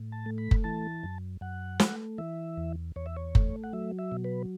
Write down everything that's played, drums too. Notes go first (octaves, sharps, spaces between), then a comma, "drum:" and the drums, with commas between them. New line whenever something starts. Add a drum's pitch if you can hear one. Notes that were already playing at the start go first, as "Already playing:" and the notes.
Already playing: A2
A5
A3
B5
drum: kick F#1
E3 A5
F#2
F#2 F#5
A3, drum: snare
E3 E5
E2
E2 C#5
E5
C#5
A3, drum: kick F#1
F#5
F#3 E5
E5
B2
B4